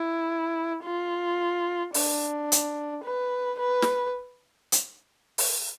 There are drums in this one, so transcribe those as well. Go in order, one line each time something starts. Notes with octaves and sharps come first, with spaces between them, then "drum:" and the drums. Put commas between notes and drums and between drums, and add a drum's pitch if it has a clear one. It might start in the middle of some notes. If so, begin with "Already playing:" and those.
Already playing: E4
F4
D4, drum: open hi-hat
drum: hi-hat
B4
B4
drum: snare
drum: hi-hat
drum: open hi-hat